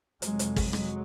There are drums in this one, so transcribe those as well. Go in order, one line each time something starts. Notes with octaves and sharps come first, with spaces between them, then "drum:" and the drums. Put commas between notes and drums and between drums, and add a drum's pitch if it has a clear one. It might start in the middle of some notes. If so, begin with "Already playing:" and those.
F2 C3 F#3 G#3, drum: hi-hat
drum: hi-hat
drum: kick, open hi-hat
F#3 G#3, drum: rim click